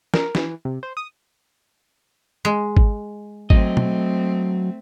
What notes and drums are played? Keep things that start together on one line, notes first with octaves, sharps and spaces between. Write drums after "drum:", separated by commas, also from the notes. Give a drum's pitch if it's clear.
A#4, drum: snare
E3, drum: snare
C3
C5
D#6
G#3
drum: kick G#1
F#3 A3 C4 D#5, drum: kick G#1
drum: tom